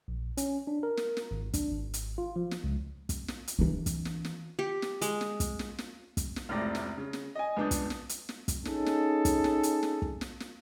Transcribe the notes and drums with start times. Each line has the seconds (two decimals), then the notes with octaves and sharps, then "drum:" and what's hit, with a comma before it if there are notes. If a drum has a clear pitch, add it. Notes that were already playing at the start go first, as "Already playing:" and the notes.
0.08 A#1
0.37 C#4, drum: hi-hat
0.67 D4
0.83 A#4
0.97 drum: snare
1.17 drum: snare
1.31 G#1
1.54 D4, drum: kick, hi-hat
1.71 G#1
1.94 drum: hi-hat
2.18 F4
2.36 F3
2.51 drum: snare
2.64 C#2
3.09 drum: kick, hi-hat
3.28 drum: snare
3.48 drum: hi-hat
3.59 E3 D4
3.86 drum: kick, hi-hat
4.05 drum: snare
4.25 drum: snare
4.59 G4
4.82 drum: snare
5.01 G#3, drum: hi-hat
5.21 drum: snare
5.40 drum: kick, hi-hat
5.59 drum: snare
5.78 drum: snare
6.17 drum: kick, hi-hat
6.36 drum: snare
6.49 F1 C#2 A2 C3 D5 A#6
6.75 drum: snare
6.97 C#3
7.13 drum: snare
7.35 D#5 G#5
7.57 C#2 B3 D4 D#6 G6
7.71 drum: kick, hi-hat
7.90 drum: snare
8.09 drum: hi-hat
8.29 drum: snare
8.48 drum: kick, hi-hat
8.65 C#4 D#4 G#4 A4, drum: snare
8.86 drum: snare
9.25 drum: kick, hi-hat
9.44 drum: snare
9.63 drum: hi-hat
9.83 drum: snare
10.02 drum: kick
10.21 drum: snare
10.40 drum: snare